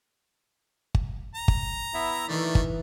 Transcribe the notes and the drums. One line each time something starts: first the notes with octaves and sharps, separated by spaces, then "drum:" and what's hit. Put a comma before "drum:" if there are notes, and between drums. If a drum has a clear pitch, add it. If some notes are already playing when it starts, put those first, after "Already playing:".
drum: kick G1
A#5
drum: kick G1
B3 E4 E5
D#3 E3 A3 D5
drum: kick G1